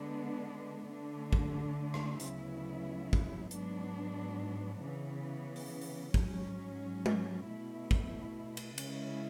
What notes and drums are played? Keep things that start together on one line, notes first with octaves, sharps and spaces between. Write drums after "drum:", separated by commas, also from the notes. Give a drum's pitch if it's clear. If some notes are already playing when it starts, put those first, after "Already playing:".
Already playing: D3 G#3 B3 D4
D3 A3 D4
drum: kick G#1
drum: rim click
D2 C#3 F#3 B3 E4, drum: hi-hat
drum: kick G#1
G#2 F#3 B3 D4, drum: hi-hat
C#3 E3 B3
drum: open hi-hat
drum: open hi-hat
G#2 F#3 C#4, drum: kick G#1
drum: tom G#3
B2 A3 E4
drum: kick G#1
drum: cymbal
C#3 G#3 C#4 E4, drum: cymbal